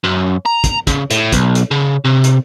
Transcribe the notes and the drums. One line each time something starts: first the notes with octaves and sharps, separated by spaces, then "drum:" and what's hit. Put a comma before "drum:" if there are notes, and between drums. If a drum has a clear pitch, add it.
F#2
A#5
drum: kick, hi-hat
C#3, drum: kick, hi-hat
A2, drum: hi-hat
B1, drum: kick, hi-hat
drum: hi-hat
C#3
C3
drum: hi-hat